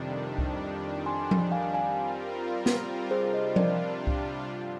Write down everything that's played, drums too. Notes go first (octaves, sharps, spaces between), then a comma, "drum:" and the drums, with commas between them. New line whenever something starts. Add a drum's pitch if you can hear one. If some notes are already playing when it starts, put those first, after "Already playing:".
Already playing: F2 C3 D#3 G3 D4
F2 D#3 G3 D4, drum: kick C2
G#5 C6
drum: tom F3
F5 G#5
G3 C4 F4 A#4 F5 G#5
drum: snare
C3 G3 D4 F4 G#4 C5
C5 D#5
A#4 D5, drum: tom F3
drum: kick C2
G2 D3 F3